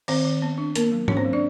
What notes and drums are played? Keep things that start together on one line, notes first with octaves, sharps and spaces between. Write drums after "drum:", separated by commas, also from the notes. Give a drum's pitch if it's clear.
D#3 C4 C5, drum: cymbal
D#3
B3
D4
A#3 B3 A#4, drum: hi-hat
F#3
C#4 D4 C#5, drum: tom G#2
C4 C5
F#3
D4 D5